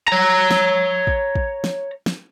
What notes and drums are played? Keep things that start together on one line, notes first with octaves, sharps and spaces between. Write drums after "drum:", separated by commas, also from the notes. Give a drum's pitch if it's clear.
C#5 A#5
drum: snare
drum: kick
drum: kick
drum: snare
drum: snare